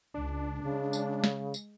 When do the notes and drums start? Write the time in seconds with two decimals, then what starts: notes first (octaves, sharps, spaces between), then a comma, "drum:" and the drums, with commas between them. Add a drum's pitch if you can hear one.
0.14 C#2 D4
0.63 C#3 G#3
0.93 drum: tambourine
1.24 drum: snare
1.54 drum: tambourine